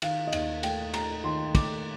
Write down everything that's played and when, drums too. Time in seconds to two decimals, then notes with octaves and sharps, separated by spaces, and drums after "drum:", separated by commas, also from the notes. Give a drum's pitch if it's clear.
0.02 D#3 F5, drum: cymbal
0.27 D#5
0.33 D#2 F5, drum: cymbal
0.63 A3 G5, drum: cymbal
0.94 A3 A#5, drum: cymbal
1.24 D#3 C6
1.55 A3 D6, drum: kick, cymbal